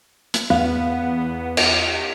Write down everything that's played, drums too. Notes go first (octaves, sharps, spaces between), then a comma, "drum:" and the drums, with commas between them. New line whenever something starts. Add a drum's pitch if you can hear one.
drum: hi-hat
E2 B3 F5
drum: cymbal